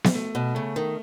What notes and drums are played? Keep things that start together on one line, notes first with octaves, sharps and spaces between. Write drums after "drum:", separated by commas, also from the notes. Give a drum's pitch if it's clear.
drum: snare B3
A3
B2
C#3 A3
D#3